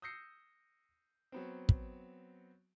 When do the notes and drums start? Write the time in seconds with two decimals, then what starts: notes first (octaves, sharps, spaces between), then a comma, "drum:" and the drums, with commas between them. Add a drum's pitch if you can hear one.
0.02 D#6 E6 G6 A#6 C7 C#7
1.32 F#3 B3 C4
1.69 drum: kick